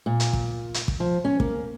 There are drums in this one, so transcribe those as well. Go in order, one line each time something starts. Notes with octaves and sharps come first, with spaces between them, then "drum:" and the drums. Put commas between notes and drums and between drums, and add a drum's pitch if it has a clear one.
A#2
drum: hi-hat
drum: kick
drum: hi-hat
drum: kick
F3
C#4
A#3, drum: kick